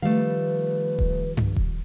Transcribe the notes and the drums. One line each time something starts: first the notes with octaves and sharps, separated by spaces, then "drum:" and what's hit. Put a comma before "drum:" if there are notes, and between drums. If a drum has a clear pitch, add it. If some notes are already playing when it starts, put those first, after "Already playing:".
D#3 F3 G3 A3 B4 F5
drum: kick D#1
drum: tom G2
drum: kick D#1